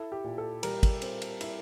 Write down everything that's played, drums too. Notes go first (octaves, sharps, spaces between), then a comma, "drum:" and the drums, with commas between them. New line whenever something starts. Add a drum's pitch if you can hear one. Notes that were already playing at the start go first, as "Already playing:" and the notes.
Already playing: E4 A4
G4
A#2
A4
G3 A#4, drum: cymbal
drum: kick, cymbal
C4, drum: cymbal
drum: cymbal
E4 E5, drum: cymbal